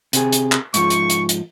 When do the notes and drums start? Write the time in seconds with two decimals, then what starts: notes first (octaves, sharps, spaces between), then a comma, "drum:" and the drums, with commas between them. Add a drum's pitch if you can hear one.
0.13 C3 G#4, drum: hi-hat
0.32 drum: hi-hat
0.52 drum: clap
0.74 G#2 F3 C#6, drum: hi-hat
0.90 drum: hi-hat
1.10 drum: hi-hat
1.29 drum: hi-hat